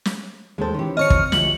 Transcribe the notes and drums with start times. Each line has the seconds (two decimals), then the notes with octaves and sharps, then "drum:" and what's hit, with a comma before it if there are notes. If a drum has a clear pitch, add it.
0.05 drum: snare
0.58 D#2 G#3 C4 A4 C5
0.74 D#3 E3 C#4 G4
0.97 F2 C4 C#5 D#5 C#6 F6 C#7
1.10 drum: kick
1.32 D2 C3 F3 F#7, drum: snare